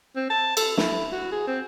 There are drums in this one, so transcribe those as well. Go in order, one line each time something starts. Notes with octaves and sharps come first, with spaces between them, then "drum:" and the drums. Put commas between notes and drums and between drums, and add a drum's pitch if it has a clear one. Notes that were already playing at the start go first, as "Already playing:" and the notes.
C4
A5
A4, drum: cymbal
E4, drum: snare
F#4
G#4
C4